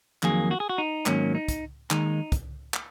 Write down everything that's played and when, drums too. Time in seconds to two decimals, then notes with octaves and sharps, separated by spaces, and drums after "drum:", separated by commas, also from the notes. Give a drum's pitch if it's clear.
0.23 F2 D#3 F#3 A#3 G#4, drum: clap
0.51 F#4
0.60 G#4
0.69 F#4
0.78 D#4
1.06 G#2 D#3 F#3 A#3 C#4, drum: clap
1.35 D#4
1.48 drum: kick, hi-hat
1.91 D#2 D#3 G#3 D#4, drum: clap
2.32 drum: kick, hi-hat
2.74 drum: clap